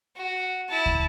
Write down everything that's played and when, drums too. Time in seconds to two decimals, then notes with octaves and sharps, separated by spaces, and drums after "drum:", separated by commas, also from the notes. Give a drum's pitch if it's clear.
0.16 F#4
0.69 E4 A5
0.86 drum: kick